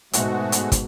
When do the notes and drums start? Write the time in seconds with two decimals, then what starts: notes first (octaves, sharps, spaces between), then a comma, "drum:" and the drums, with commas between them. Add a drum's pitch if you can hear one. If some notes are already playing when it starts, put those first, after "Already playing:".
0.13 G#2 B2 G#3 A3 F#4, drum: hi-hat
0.52 drum: hi-hat
0.72 drum: kick, hi-hat